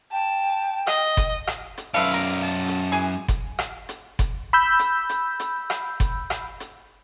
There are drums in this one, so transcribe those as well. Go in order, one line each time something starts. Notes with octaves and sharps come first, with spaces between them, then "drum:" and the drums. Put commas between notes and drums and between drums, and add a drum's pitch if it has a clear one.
G5 A5
D#5, drum: rim click
drum: kick F#1, hi-hat
drum: rim click
drum: hi-hat
F#2 A4 B4 D5 E5 F5
A#4
A5
drum: hi-hat
E3 G#4
drum: kick F#1, hi-hat
drum: rim click
drum: hi-hat
drum: kick F#1, hi-hat
B5 E6 G6
drum: hi-hat
drum: hi-hat
drum: hi-hat
drum: rim click
drum: kick F#1, hi-hat
drum: rim click
drum: hi-hat